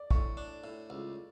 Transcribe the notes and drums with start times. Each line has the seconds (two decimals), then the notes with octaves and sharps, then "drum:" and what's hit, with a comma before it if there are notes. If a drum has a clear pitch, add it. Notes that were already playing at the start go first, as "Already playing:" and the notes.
Already playing: D5
0.11 A2 C#6, drum: kick
0.37 D4
0.64 A2
0.90 C#2